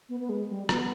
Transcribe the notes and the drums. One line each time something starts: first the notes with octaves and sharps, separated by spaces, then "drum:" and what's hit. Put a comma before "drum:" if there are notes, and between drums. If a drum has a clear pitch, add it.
B3
B3
G#3
G3
B3, drum: rim click